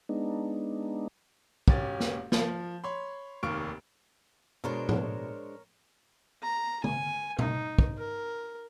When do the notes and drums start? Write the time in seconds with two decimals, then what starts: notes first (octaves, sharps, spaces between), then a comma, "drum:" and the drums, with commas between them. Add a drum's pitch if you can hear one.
0.09 G#3 B3 D4 D#4
1.68 E1 C#4 G4 A6, drum: kick
2.00 drum: snare
2.32 F3, drum: snare
2.84 C#5 B5 C6
3.43 F1 D#2 A#3 C#6 F6 D7
4.64 B2 G#3 D4 A#4 C5 C#5
4.89 drum: tom A2
6.43 A#5
6.84 G#5, drum: tom
7.39 D#4, drum: tom B2
7.78 drum: kick
7.98 A#4